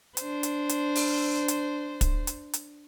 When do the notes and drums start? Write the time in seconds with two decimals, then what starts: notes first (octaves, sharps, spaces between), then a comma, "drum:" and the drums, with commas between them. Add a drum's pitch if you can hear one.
0.17 D4 C5, drum: hi-hat
0.43 drum: hi-hat
0.69 drum: hi-hat
0.96 drum: open hi-hat
1.48 drum: hi-hat
2.01 drum: kick, hi-hat
2.27 drum: hi-hat
2.53 drum: hi-hat